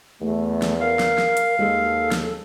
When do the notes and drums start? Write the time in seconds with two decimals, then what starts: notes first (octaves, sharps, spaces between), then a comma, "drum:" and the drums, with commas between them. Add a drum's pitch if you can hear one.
0.21 E2 A3
0.62 drum: snare
0.81 A#4 F5
0.99 drum: snare
1.18 drum: snare
1.37 drum: hi-hat
1.59 D#2 G#3 A4
2.11 drum: snare